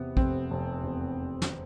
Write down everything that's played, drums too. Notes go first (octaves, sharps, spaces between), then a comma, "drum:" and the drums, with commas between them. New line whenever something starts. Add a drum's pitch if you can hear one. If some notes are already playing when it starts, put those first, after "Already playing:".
Already playing: E2 C3 B3
F1 C4, drum: kick
F1
E2
drum: snare